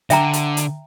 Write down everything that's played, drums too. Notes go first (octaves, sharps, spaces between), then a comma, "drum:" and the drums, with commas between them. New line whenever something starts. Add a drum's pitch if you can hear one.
D3 E5 G5 A#5, drum: hi-hat
drum: hi-hat
drum: hi-hat